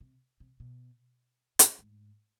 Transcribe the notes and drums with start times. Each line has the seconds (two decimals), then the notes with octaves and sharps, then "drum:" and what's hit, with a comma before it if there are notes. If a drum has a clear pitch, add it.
0.01 C3
0.40 C3
0.60 B2
1.59 A2, drum: hi-hat
1.79 G#2